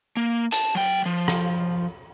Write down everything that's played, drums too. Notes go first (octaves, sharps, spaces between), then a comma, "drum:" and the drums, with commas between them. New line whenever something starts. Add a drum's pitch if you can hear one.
A#3
A5, drum: hi-hat
F#3 G5
F3
drum: rim click